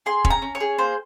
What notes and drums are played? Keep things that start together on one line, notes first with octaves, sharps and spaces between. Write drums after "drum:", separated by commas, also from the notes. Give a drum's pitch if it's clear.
G#4 C6
C#4, drum: kick E1
A#5
C#4
C#5
G#4
A#3 C5